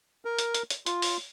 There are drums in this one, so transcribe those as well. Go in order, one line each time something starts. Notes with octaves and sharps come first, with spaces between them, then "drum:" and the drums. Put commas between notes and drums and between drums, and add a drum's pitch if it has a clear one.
A#4
drum: hi-hat
drum: hi-hat
drum: hi-hat
F4, drum: hi-hat
drum: open hi-hat